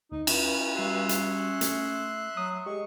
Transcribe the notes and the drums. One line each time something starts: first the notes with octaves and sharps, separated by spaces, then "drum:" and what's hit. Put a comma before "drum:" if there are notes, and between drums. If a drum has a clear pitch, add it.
D2 D#4
C#4 E4, drum: cymbal
G3 F#4 E5 C6 F#6
drum: hi-hat
A3, drum: hi-hat
F#3 D#6
G#3 G4 G#4 C#6